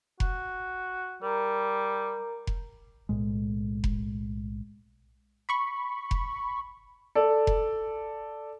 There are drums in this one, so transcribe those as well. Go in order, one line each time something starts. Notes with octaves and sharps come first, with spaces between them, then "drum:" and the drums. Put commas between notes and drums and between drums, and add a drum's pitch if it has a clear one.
F#4, drum: kick F1
G3 A#4 A#5
drum: kick F1
B1 A2 G#3
drum: kick F1
B5 C#6
drum: kick F1
A4 D5
drum: kick F1